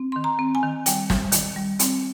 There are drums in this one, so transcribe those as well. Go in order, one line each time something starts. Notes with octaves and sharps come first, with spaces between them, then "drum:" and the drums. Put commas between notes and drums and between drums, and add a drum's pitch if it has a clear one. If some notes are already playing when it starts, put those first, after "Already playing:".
Already playing: C4
C6
D#3
A#5
C4
G#5
D#3
G3 G5, drum: hi-hat
G3, drum: snare
D#3, drum: hi-hat
G3
C4, drum: hi-hat